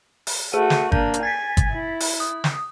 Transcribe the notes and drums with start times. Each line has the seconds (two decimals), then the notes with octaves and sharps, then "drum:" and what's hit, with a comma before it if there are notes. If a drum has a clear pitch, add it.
0.27 drum: open hi-hat
0.53 A3 F#4 G#4 D#7
0.70 drum: snare
0.92 A#3 D4 G6, drum: kick G1
1.14 drum: hi-hat
1.23 G#5 G#6 A6 B6
1.57 drum: kick G1, hi-hat
1.73 E4
2.00 drum: open hi-hat
2.20 D#6
2.44 drum: snare